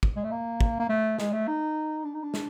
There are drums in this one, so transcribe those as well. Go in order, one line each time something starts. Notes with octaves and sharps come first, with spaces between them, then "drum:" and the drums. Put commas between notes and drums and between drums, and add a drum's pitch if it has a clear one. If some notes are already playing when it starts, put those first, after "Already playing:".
drum: kick
G#3
A3
A#3
drum: kick
A#3
A3
G#3, drum: snare
A3
D#4
D4
D#4
D4
drum: snare